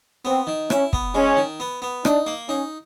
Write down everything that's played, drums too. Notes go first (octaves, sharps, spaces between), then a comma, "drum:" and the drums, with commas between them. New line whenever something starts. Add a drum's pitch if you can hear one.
B3 C4
D#3
C#4 E4, drum: rim click
B3, drum: kick
G#3 C#4
D#3
B3
B3
D4 D#4, drum: rim click
A#3
C#4 D#4